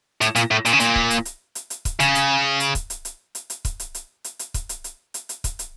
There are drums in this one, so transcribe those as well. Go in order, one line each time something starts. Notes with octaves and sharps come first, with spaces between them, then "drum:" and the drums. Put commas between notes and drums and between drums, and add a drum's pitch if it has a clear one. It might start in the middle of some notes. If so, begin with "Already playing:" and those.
A2, drum: hi-hat
A#2, drum: hi-hat
A2
A#2, drum: hi-hat
C#3
A#2, drum: hi-hat
drum: kick
drum: hi-hat
drum: hi-hat
drum: hi-hat
drum: hi-hat
drum: kick, hi-hat
C#3, drum: hi-hat
drum: hi-hat
drum: hi-hat
drum: kick, hi-hat
drum: hi-hat
drum: hi-hat
drum: hi-hat
drum: hi-hat
drum: kick, hi-hat
drum: hi-hat
drum: hi-hat
drum: hi-hat
drum: hi-hat
drum: kick, hi-hat
drum: hi-hat
drum: hi-hat
drum: hi-hat
drum: hi-hat
drum: kick, hi-hat
drum: hi-hat